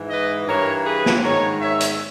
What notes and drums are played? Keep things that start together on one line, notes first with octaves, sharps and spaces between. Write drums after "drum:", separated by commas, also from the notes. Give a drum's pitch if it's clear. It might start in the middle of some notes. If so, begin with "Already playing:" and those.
Already playing: G#2 E3
B4 D#5
G2 E3 A#4 C#5
G#4 B4
drum: snare
G#2 D#3 A#4 C#5
C#5 E5
drum: hi-hat